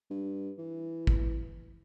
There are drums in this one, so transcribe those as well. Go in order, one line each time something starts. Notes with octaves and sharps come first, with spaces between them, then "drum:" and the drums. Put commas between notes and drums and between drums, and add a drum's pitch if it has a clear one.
G2
E3
drum: kick